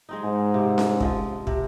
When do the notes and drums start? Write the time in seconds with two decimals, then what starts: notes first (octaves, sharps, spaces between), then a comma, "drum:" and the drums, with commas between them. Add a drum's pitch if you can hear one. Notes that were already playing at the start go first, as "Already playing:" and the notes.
0.09 G#3 C4 D#4
0.24 G#2
0.54 C3
0.78 drum: snare C#4
1.00 F3 G#3, drum: kick
1.47 C3, drum: kick